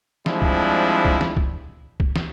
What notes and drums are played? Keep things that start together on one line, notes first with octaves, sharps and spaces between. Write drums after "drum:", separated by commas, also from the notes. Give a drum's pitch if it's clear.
F3 G3 G#3 C4 D4 E4, drum: snare
drum: kick
drum: kick
drum: snare
drum: kick
drum: kick
drum: snare